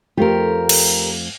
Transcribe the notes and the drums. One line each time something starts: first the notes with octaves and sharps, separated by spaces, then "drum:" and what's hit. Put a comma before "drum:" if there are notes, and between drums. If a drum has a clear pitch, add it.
F2 A3 F4 G4 A#4
drum: cymbal